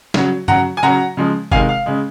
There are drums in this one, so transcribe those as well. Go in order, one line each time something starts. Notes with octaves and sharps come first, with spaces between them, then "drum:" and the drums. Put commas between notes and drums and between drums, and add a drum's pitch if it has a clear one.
C#3 F#3, drum: snare
C#3 F#3 F#5 A#5, drum: tom G2
G#5
C#3 F#3 F#5 A#5
C#3 F3 G#3
C3 D#3 G#3 F5 G#5, drum: kick F#1
F5
C#3 G#3